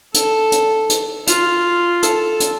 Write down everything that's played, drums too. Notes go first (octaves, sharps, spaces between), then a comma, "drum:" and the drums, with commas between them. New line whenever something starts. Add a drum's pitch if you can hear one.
A4, drum: hi-hat
drum: hi-hat
drum: hi-hat
F4, drum: hi-hat
A4, drum: hi-hat
drum: hi-hat